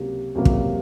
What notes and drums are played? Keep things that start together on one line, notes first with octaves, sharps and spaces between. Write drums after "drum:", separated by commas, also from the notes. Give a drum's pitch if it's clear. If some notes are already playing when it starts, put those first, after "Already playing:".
Already playing: C#2 C3 F#3 A#3
C#2 C3 F#3 A#3
drum: kick